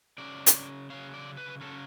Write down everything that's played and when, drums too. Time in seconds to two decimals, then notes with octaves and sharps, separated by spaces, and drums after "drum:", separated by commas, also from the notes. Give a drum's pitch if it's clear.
0.18 C#3 F#3 C#4 D5
0.46 drum: hi-hat
0.90 C#3 F#3 C#4 F5
1.14 D5
1.37 B4
1.61 C#3 F#3 C#4 A4